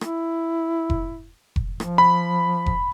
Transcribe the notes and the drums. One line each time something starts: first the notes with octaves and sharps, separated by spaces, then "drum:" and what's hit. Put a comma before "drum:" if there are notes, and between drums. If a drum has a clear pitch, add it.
E4, drum: rim click
drum: kick F1
drum: kick F1
F3, drum: rim click
B5
drum: kick F1